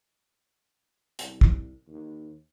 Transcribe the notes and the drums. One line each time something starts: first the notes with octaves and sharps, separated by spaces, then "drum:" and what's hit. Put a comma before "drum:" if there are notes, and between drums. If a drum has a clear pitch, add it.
C2, drum: hi-hat
drum: kick
D#2